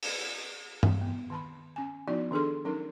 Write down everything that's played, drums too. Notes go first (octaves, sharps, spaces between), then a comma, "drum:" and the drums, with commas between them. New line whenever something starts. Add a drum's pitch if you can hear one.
drum: open hi-hat
drum: tom G2
B3
D#3 A5 B5
C#4 G#5
F3 B3 D#4 E4 F#4 D5
D#3 D4 G#4 A4 C6
F#3 C#4 D#4 A#4